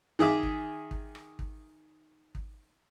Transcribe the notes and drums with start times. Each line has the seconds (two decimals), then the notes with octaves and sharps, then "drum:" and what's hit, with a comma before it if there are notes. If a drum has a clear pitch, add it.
0.19 D#3 G#4 E5 D6
0.43 drum: kick
0.91 drum: kick
1.15 drum: rim click
1.39 drum: kick
2.35 drum: kick